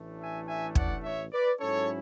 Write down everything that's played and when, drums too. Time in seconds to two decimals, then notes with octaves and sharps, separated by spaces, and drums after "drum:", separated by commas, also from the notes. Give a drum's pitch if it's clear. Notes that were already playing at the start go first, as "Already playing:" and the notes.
Already playing: A1 A2 E3 A3 D4
0.19 E5 G#5
0.47 E5 G#5
0.75 D5 F#5, drum: kick
1.04 C#5 E5
1.32 B4 D5
1.60 G#2 F#3 C#4 E4 A4 C#5